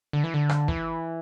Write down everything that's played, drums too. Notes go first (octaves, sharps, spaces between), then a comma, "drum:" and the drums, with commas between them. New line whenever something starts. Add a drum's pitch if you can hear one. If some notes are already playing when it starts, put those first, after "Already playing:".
D3
E3
D3
drum: rim click
E3, drum: kick